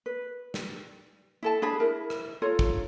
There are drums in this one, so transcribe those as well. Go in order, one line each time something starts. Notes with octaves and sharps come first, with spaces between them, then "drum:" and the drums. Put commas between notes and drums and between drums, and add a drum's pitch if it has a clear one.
B4
drum: snare
E4 A4 A5
D4 G#4 B5
E4 A#4
drum: rim click
F4 A4 C#5 A#5
drum: kick